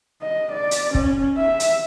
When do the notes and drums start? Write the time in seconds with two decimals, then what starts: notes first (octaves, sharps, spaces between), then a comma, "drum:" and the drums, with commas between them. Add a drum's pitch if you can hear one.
0.22 D#5
0.52 D5
0.71 drum: hi-hat
0.95 C#4, drum: kick
1.38 E5
1.60 drum: hi-hat